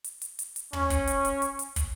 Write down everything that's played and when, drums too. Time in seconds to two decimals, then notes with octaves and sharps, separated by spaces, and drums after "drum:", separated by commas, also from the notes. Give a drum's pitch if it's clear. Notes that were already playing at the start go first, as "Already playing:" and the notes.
0.04 drum: hi-hat
0.22 drum: hi-hat
0.39 drum: hi-hat
0.56 drum: hi-hat
0.73 C#4, drum: tom
0.90 drum: kick, hi-hat
1.07 drum: hi-hat
1.25 drum: hi-hat
1.42 drum: hi-hat
1.59 drum: hi-hat
1.76 drum: kick, hi-hat